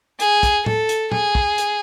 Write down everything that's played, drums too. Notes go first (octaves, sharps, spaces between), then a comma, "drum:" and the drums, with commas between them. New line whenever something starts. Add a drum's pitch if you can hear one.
G#4, drum: hi-hat
drum: kick, hi-hat
A4, drum: tom A2
drum: hi-hat
G#4, drum: tom
drum: kick
drum: hi-hat